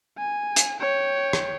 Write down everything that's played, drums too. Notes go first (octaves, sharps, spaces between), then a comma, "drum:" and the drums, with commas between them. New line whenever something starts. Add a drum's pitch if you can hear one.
G#5
drum: hi-hat
C#5 G5
drum: rim click